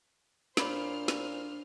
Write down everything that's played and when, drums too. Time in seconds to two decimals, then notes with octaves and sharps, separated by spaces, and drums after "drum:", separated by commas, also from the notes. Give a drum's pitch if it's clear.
0.57 A#2 D4 C5 C#5 B5 D6 F6, drum: snare
1.08 drum: snare